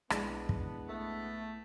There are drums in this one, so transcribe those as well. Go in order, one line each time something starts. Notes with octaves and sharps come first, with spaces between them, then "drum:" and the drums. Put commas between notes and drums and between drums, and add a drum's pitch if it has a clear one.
B1 G#3 B3 D4 E4 B4 A5, drum: rim click
drum: kick
A3